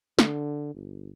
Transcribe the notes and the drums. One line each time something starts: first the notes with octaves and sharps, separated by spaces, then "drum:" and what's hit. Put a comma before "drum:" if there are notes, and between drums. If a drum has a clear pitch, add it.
D3, drum: snare
G1